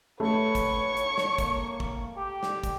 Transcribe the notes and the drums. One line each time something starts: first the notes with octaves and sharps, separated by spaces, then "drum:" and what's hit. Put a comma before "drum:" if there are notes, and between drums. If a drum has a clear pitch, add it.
A3 B4 C#5 C#6
drum: kick, hi-hat
drum: hi-hat
drum: snare
A#3, drum: kick, hi-hat
drum: kick
G4
drum: snare
drum: kick, hi-hat